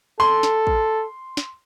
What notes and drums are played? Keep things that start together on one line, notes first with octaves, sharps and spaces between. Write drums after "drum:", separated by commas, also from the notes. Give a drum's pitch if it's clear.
A4 C6
drum: snare
drum: kick
drum: snare